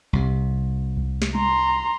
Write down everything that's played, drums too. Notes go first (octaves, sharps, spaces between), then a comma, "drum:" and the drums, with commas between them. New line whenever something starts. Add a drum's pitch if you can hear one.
C2 C3
drum: kick C2
drum: snare
A#5 C6, drum: tom G3